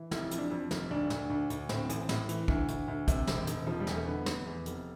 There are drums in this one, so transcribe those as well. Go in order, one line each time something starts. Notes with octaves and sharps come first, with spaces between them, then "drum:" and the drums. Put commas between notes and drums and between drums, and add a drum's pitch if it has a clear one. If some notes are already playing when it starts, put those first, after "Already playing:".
Already playing: E3
F1 E4, drum: snare
F2, drum: hi-hat
D4
F2
F1, drum: snare
D2 D4
D2, drum: snare
D2
D2, drum: hi-hat
A2 C4, drum: snare
A1, drum: hi-hat
A2, drum: snare
E3, drum: hi-hat
D2, drum: kick
D2, drum: hi-hat
D2
C3, drum: kick, hi-hat
E1 C4, drum: snare
E1, drum: hi-hat
E1 F3
G3
E2, drum: snare
A3
D3 B3
F1, drum: snare
E2
F1, drum: hi-hat